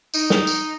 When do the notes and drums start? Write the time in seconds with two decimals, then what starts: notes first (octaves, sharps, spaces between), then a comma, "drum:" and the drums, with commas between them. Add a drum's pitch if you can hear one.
0.14 D#4, drum: tambourine
0.30 drum: snare
0.47 drum: tambourine